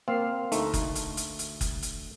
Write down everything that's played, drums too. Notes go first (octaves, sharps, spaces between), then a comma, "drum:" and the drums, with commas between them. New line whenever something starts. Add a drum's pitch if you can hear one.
A#3 C4 F5
D2 A3 D#4, drum: hi-hat
drum: kick F#1, hi-hat
drum: hi-hat
drum: hi-hat
drum: hi-hat
drum: kick F#1, hi-hat
drum: hi-hat